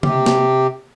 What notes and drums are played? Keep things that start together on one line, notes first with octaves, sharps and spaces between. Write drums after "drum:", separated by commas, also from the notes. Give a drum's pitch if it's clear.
C3 G4, drum: tom C#3
drum: snare